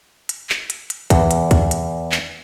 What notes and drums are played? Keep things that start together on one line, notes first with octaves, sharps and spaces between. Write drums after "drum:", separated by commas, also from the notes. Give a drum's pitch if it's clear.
drum: hi-hat
drum: clap
drum: hi-hat
drum: hi-hat
E2, drum: kick, hi-hat
drum: hi-hat
drum: kick, hi-hat
drum: hi-hat
drum: clap